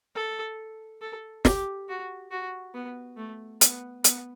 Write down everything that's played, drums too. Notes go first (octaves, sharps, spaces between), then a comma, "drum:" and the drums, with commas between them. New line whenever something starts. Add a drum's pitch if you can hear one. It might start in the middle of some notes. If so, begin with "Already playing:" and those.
A4
A4
G4, drum: snare
F#4
F#4
B3
A3
B3, drum: hi-hat
B3, drum: hi-hat